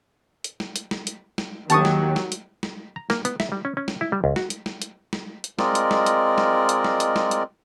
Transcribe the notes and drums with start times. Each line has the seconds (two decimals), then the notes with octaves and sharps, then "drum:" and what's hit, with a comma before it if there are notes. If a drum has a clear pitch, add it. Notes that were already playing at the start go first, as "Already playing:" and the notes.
0.44 drum: hi-hat
0.60 drum: snare
0.76 drum: hi-hat
0.91 drum: snare
1.07 drum: hi-hat
1.38 drum: snare
1.70 D#2 D#3 F#3 G4 A5 C#6 D#6, drum: hi-hat
1.85 drum: snare
2.16 drum: snare
2.32 drum: hi-hat
2.63 drum: snare
2.96 A#5
3.10 A#3, drum: snare
3.25 B3, drum: hi-hat
3.40 E5, drum: snare
3.52 G3
3.65 C#4
3.77 C#4
3.88 drum: snare
4.01 E4
4.12 G3
4.24 C#2
4.36 F#4, drum: snare
4.50 drum: hi-hat
4.66 drum: snare
4.82 drum: hi-hat
5.13 drum: snare
5.44 drum: hi-hat
5.59 G#3 C4 F4 A#4 D5 D#5, drum: snare
5.75 drum: hi-hat
5.91 drum: snare
6.06 drum: hi-hat
6.38 drum: snare
6.69 drum: hi-hat
6.85 drum: snare
7.00 drum: hi-hat
7.16 drum: snare
7.31 drum: hi-hat